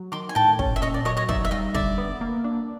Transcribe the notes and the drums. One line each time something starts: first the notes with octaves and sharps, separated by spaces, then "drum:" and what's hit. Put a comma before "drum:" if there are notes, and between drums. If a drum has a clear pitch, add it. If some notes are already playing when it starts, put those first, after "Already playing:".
Already playing: F#3
D#3 C6 D6
G#5
A2 G5 A5
C#4, drum: kick
E5
A#2 C#5 D#5
D5
F#3 C#5 D#5
C#5 D#5
D#4 D5 E5, drum: kick
E5
G3 D#5 F5
D3 D5 E5, drum: kick
B3
A#3
D4